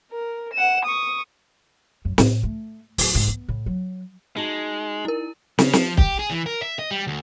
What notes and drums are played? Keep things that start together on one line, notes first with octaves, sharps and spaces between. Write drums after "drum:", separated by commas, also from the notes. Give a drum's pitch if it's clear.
A#4
F#5 E7
C#6 D#6
F#2
A2, drum: snare
A3
D1, drum: open hi-hat
G#2
B3
A2
F#3
G#3 D#4 F#4 A5
E4 A#4
C#3, drum: snare
F3, drum: snare
G4, drum: kick
G#4
E3
A#4
E5
D#5
G3
D2